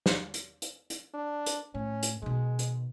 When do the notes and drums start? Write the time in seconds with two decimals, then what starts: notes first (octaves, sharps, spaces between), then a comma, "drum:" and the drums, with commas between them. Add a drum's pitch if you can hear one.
0.06 drum: snare
0.34 drum: hi-hat
0.62 drum: hi-hat
0.90 drum: hi-hat
1.14 D4
1.46 drum: hi-hat
1.75 A2 C#4
2.03 drum: hi-hat
2.22 B2 D#3 G#3
2.59 drum: hi-hat